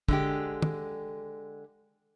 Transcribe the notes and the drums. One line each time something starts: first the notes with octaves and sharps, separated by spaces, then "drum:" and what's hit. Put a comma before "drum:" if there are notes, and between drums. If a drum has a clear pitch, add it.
D3 G#3 G4, drum: kick
drum: tom